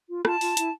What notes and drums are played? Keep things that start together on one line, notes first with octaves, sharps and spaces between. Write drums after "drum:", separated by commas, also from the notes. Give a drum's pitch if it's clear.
F4
F4 A5, drum: rim click
F4, drum: open hi-hat
E4, drum: hi-hat